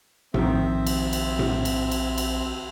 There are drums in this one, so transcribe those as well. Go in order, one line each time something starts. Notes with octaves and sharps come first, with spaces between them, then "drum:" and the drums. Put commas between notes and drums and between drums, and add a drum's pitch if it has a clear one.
A#1 F2 D#3 C4 E5, drum: tom A2
drum: cymbal
drum: cymbal
drum: tom A2
drum: cymbal
drum: cymbal
drum: cymbal